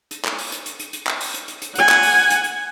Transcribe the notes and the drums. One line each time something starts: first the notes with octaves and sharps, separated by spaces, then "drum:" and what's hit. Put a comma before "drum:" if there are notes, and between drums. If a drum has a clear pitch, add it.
drum: hi-hat
drum: clap
drum: open hi-hat
drum: hi-hat
drum: hi-hat
drum: hi-hat
drum: hi-hat
drum: clap
drum: open hi-hat
drum: hi-hat
drum: hi-hat
drum: hi-hat
F#5 G#5, drum: hi-hat
drum: clap
drum: open hi-hat
drum: hi-hat
drum: hi-hat